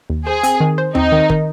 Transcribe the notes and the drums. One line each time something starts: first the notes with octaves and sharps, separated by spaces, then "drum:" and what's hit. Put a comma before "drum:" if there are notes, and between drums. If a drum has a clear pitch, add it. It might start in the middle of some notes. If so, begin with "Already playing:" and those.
D#2
G#4 C5
C4, drum: hi-hat
D#3
C5
C4 D#4, drum: tom D#2
D#3
D#3, drum: kick